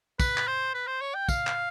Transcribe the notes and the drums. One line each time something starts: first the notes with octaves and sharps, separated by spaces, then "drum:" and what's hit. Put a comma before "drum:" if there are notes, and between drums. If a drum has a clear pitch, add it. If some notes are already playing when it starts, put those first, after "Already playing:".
B4, drum: kick, tambourine
drum: clap
C5
B4
C5
C#5
G5
F5, drum: kick, tambourine
drum: clap